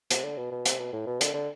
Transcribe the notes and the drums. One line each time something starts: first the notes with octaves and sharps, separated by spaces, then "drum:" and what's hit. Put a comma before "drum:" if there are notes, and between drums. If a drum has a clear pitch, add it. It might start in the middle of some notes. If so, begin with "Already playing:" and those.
C3, drum: hi-hat
D3
B2
B2
C3, drum: hi-hat
B2
A2
B2
D3, drum: hi-hat
D3